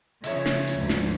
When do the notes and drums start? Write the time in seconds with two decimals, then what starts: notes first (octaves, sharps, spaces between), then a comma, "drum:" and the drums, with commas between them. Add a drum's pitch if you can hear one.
0.24 C#3 F3 C#5 E5, drum: hi-hat
0.46 drum: snare
0.67 drum: hi-hat
0.78 D2 G#2 F3
0.89 drum: snare